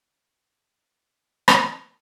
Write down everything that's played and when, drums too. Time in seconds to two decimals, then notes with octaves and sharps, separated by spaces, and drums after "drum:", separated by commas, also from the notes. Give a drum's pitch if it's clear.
0.09 D#3 G3
0.24 G2 C4
0.40 F3
0.56 G2
0.71 F3 C4
0.86 G2 D4
1.02 D#3 G3
1.48 drum: rim click